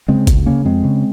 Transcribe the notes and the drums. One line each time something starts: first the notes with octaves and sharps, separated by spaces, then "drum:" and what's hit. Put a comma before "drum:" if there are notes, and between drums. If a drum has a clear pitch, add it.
C#3 G#3 C4
C#2, drum: kick G1, hi-hat
C#3 A#3 C#4
F2 G#3 C4
C#3